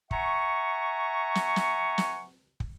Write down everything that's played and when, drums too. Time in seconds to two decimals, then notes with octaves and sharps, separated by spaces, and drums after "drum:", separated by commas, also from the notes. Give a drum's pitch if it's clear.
0.11 E5 F#5 G#5 A#5 C#6, drum: kick
1.35 drum: snare
1.56 drum: snare
1.98 drum: snare
2.60 drum: kick